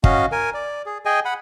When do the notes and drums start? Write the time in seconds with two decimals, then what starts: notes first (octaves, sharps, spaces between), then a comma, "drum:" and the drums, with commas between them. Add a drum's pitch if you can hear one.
0.04 C#4 F#4 D#5 F5, drum: kick
0.32 A#4 G#5
0.54 D5
0.86 G#4
1.06 G#4 D#5 G5 G#5
1.25 F#5 B5